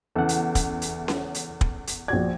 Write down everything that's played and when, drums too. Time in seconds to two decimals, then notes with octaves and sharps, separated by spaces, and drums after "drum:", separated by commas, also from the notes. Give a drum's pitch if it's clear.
0.16 E2 C#3 E3 A4 F#5
0.29 drum: hi-hat
0.55 drum: kick, hi-hat
0.82 drum: hi-hat
1.08 drum: snare C#4
1.34 drum: hi-hat
1.61 drum: kick
1.87 drum: hi-hat
2.08 A#1 F#4 D5 G#6